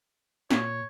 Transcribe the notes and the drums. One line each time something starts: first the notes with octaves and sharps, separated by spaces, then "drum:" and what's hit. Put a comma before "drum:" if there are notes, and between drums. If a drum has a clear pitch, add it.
A#2 C#5, drum: snare